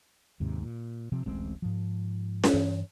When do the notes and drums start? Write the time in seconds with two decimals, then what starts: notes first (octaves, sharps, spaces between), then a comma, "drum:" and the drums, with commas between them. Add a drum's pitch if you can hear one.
0.40 D#2 G#2 C3
0.63 A#2
1.12 C3 F3 C4
1.26 D1 A1 G#3 C4
1.62 G#2 F3
2.44 drum: snare C#4
2.53 G2 E3